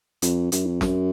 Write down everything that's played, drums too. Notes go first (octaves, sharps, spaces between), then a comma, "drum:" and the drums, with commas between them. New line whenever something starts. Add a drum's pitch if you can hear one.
F2, drum: hi-hat
F#2, drum: hi-hat
F2
F#2, drum: snare